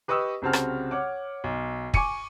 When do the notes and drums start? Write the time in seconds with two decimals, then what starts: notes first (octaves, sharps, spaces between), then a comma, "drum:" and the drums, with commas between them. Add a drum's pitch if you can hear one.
0.08 G4 B4 D#5 C#6 D#6 E6
0.42 C2 C#3 C4 F#4 A5 F6
0.53 drum: rim click
0.91 C#5 F#5 D6
1.44 B1
1.94 G#5 C#6 D6 C#7 D#7, drum: kick